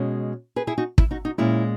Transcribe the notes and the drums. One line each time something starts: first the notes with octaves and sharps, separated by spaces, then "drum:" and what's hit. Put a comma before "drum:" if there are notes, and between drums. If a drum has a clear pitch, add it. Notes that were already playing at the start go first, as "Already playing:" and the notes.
Already playing: B2 G#3 C#4
G#4 B4
E4 G#4
D#4 F#4
E4, drum: kick
D#4 F#4
D#4 F#4
A#2 G#3 C#4 E4